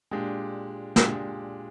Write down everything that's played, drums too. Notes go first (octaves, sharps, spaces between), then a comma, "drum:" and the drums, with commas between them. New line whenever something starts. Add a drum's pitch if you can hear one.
A#2 G#3 D4 G4
A#2 G#3 D4 G4, drum: snare